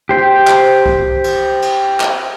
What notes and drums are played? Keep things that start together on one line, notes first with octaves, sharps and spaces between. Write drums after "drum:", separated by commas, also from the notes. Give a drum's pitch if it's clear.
G4 C5 G5
drum: clap
drum: kick C2
drum: cymbal
drum: cymbal
drum: clap